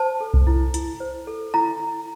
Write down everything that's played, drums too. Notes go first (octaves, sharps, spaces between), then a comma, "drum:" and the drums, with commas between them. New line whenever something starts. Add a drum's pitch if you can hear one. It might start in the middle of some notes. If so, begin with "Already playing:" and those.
Already playing: C5 A5
A4
drum: kick C2
E4
E4, drum: hi-hat
C5
A4
E4 A#5
E4